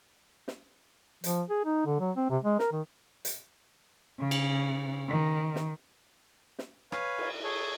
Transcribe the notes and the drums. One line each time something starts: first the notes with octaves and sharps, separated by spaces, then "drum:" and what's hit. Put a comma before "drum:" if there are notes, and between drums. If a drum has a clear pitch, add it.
drum: snare
F3, drum: hi-hat
G#4
D#4
D3
F#3
C4
C3
G#3
A#4, drum: snare
D#3
drum: hi-hat
C#3
drum: cymbal
D#3
drum: snare
drum: snare
B4 C#5 F5 G#5, drum: rim click
drum: cymbal
G#4 A4 C#5